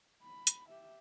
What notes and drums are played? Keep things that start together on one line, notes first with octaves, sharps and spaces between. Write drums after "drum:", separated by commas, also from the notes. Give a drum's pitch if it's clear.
B5
drum: hi-hat
G4 E5